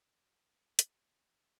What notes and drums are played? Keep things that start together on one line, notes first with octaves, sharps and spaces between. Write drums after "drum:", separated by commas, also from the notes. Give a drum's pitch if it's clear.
C#3 E3 G#3 C4 G#4 C5
F#5 A5, drum: hi-hat